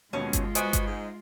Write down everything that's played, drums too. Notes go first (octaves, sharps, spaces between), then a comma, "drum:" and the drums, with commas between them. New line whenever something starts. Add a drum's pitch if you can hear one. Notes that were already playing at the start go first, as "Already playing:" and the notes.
D#2 B2 G#3 C#4 F4
drum: kick G1, hi-hat
B3 F#4 C5 D#5 G#5 D7, drum: hi-hat
drum: kick G1, hi-hat
G#2